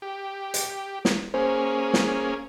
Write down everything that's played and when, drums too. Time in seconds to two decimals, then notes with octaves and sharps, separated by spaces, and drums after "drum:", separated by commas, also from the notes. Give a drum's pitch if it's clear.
0.02 G4
0.54 drum: hi-hat
1.05 drum: snare
1.34 A#3 C#4 G#4 C5
1.94 drum: snare